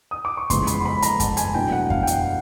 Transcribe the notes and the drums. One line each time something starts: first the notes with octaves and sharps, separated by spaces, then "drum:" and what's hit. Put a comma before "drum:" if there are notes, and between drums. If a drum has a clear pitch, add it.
D#6
D6
C#6
E2 C#3 F3 G#3 C6, drum: kick F#2, hi-hat
B5, drum: hi-hat
C6
B5
A#5, drum: hi-hat
A5, drum: kick F#2, hi-hat
G#5, drum: hi-hat
E2 B2 F#3 A3 D4 G5
F#5
F5, drum: kick F#2
G5
F#5, drum: hi-hat